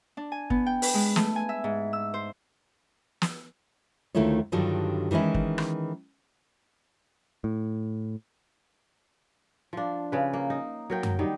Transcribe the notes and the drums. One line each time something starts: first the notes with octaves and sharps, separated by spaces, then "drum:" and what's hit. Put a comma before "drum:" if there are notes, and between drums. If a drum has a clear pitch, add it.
D4
G#5
B3, drum: kick
G5
B4, drum: open hi-hat
G#3
A3, drum: snare
G#5
E5
G#2
E6
C5
drum: snare
D2 D#3 A3 E4 F4 C#5
G2 D3 D#3 F#3 G3 F4
D#3 E3 G#3 C#4 E4
drum: kick
drum: rim click
A2
F3 D4
C#3 B4
A#3
D#4
F#3 A#4 G5
drum: tom F#2
D#3 G3 D#4